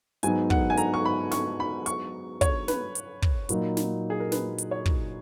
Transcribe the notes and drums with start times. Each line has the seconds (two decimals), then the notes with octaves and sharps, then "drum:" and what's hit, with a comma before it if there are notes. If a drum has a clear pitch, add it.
0.23 G#2 F#3 B3 D#4 G#5, drum: hi-hat
0.50 F#5, drum: kick
0.70 G#5
0.77 A#5, drum: hi-hat
0.94 C#6
1.05 B5
1.31 C#6, drum: snare
1.60 B5
1.86 C#6, drum: hi-hat
2.41 C#5, drum: kick, hi-hat
2.68 B4, drum: snare
2.95 drum: hi-hat
3.22 drum: kick
3.49 A#2 F#3 A#3 D#4, drum: hi-hat
3.77 drum: snare
4.10 G#4
4.20 A#4
4.32 B4, drum: snare
4.58 drum: hi-hat
4.71 C#5
4.86 drum: kick